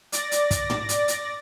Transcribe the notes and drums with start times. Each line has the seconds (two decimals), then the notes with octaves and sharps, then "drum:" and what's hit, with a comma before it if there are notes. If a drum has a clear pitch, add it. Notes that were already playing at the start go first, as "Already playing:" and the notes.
0.12 D5 A6 A#6, drum: hi-hat
0.31 drum: hi-hat
0.51 drum: kick, hi-hat
0.70 drum: tom
0.89 drum: hi-hat
1.08 drum: hi-hat